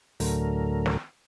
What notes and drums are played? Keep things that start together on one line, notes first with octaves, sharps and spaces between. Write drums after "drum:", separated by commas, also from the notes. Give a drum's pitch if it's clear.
D2 A2 D3 F#3 A3 A#4, drum: open hi-hat
drum: snare